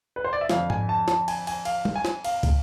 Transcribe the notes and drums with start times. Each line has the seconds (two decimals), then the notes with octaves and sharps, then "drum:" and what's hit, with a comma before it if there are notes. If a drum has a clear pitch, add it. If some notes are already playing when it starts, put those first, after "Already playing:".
0.16 B4
0.24 C5
0.33 D5
0.41 E5
0.49 F2 D3 F3 F5, drum: snare
0.70 G#5, drum: tom G#2
0.89 A5
1.08 A5, drum: snare
1.28 G#5, drum: cymbal
1.47 G#5, drum: cymbal
1.65 F5, drum: cymbal
1.85 drum: tom G3
1.96 G#5
2.05 drum: snare
2.24 F5, drum: cymbal
2.43 drum: kick, cymbal